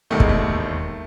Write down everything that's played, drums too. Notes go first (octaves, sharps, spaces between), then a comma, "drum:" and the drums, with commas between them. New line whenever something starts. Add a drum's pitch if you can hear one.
E1 D#2 D#3 A3
G#3, drum: kick
A3